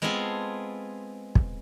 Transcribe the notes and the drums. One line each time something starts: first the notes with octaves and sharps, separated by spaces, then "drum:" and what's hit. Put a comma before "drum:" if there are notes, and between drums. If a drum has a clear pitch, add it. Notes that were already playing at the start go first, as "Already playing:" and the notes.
G#3 B3 C4 F4 G#4 A4
drum: kick